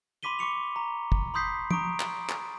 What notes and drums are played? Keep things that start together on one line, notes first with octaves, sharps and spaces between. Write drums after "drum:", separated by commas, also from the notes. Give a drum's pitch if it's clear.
B5 C6 D6 B6 D#7 G7
C#6 D6 C#7 F7
A#5
drum: kick
B5 C6 D#6 G6 B6 C7
A#5 C#6 D#6 D7, drum: tom
drum: clap
drum: clap